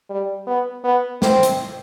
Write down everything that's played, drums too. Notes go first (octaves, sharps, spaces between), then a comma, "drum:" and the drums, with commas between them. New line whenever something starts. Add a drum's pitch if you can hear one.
G3
B3
B3
C4, drum: snare
drum: hi-hat